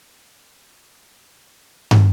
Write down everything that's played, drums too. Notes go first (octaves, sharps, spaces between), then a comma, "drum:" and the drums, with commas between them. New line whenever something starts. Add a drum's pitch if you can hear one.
D#4 E5 G7
C7
A#2 C7
drum: tom